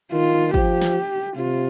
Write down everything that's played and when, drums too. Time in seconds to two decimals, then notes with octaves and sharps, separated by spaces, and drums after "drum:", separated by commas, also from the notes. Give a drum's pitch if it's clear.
0.12 D#3 F4
0.54 F3 G4, drum: kick
0.81 drum: snare
1.36 C3 F4